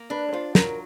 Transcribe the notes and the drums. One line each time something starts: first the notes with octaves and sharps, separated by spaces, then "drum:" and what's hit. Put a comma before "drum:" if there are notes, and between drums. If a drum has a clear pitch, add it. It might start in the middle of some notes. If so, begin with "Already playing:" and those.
Already playing: A#3
D4 B4
C#5
F4 C5
F#3 A#4, drum: snare